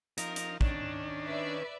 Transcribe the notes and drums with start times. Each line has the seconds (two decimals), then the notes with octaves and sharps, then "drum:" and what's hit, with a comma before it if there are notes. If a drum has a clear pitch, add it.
0.18 F3 D#4 A#4, drum: hi-hat
0.36 drum: hi-hat
0.61 D#3 C#4 D4, drum: kick
1.24 B4 D5 E5